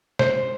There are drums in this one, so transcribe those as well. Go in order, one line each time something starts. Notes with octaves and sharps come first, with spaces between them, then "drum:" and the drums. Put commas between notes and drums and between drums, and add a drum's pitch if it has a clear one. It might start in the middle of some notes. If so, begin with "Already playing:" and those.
C5, drum: snare